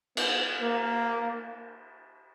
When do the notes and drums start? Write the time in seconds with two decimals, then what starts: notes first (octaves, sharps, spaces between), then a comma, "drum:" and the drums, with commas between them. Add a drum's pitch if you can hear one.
0.17 B3, drum: cymbal
0.62 A#3